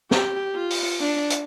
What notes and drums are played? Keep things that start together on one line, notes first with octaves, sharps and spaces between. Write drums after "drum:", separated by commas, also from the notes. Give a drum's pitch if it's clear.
G4, drum: snare
F4
drum: open hi-hat
D4
drum: hi-hat